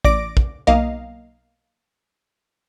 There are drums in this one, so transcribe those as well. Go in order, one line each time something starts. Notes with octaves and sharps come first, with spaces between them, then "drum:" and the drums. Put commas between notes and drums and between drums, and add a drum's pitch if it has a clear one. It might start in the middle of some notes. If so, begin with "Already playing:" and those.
A1 D5 D6 A#6 D7, drum: kick
drum: kick
B1 A#3 D#5 F5